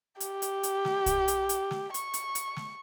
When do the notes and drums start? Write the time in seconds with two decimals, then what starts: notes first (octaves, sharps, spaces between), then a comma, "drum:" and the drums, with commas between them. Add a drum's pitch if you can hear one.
0.20 G4, drum: hi-hat
0.42 drum: hi-hat
0.63 drum: hi-hat
0.85 drum: snare
1.06 drum: kick B1, hi-hat
1.28 drum: hi-hat
1.49 drum: hi-hat
1.71 drum: snare
1.94 C#6, drum: hi-hat
2.14 drum: hi-hat
2.35 drum: hi-hat
2.56 drum: snare